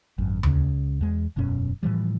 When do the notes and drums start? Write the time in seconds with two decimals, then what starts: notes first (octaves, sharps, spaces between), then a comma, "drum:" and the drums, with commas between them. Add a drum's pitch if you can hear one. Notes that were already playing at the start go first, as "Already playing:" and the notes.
0.18 G#1 F#2
0.43 C#2 C#3, drum: tom D#2
1.01 E2 G#3
1.36 E1 F#2 B2 C#4
1.83 A2 E3 F3 G3